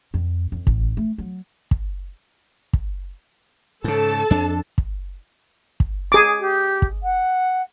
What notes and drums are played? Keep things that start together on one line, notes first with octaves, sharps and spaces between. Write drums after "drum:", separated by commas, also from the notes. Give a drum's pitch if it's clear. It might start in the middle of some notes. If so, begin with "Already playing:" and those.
F2
F2
A1, drum: kick
A3
F#3
drum: kick
drum: kick
G#2 C#3 A4 A5
F2 D4
drum: kick
drum: kick
G#4 D6
G4
drum: kick
F#5